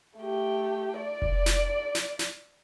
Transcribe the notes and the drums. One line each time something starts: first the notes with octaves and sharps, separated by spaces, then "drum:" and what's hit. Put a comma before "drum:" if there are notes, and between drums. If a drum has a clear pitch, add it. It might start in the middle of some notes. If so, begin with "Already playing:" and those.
A3 G4
D5
drum: kick F1
drum: snare
drum: snare
drum: snare